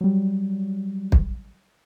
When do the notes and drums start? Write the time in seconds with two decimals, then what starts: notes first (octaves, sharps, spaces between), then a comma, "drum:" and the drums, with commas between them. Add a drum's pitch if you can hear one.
0.01 F#3 G3
1.12 drum: kick